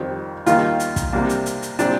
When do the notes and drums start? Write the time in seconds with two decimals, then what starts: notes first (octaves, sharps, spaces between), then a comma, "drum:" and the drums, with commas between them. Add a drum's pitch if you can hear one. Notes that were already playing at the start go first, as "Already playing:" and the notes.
Already playing: F2 D#3 G3 C4
0.46 D#2 D#3 G3 A#3 F4, drum: hi-hat
0.80 drum: hi-hat
0.96 drum: kick, hi-hat
1.12 C3 G3 A#3 D4
1.29 drum: hi-hat
1.46 drum: hi-hat
1.62 drum: hi-hat
1.79 A#2 G3 C4 D4, drum: hi-hat